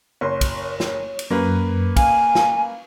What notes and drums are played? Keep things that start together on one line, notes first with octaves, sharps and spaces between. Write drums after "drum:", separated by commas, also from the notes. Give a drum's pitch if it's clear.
F#1 C#5 C6
drum: kick, cymbal
drum: snare
drum: cymbal
F#2 A#3 C#4 B4
F5 G#5, drum: kick, cymbal
drum: snare